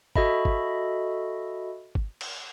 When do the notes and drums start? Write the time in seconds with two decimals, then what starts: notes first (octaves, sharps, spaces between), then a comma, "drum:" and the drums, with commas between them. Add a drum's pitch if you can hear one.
0.16 F#4 A4 D#5 E5 B5, drum: kick
0.45 drum: kick
1.95 drum: kick
2.21 drum: cymbal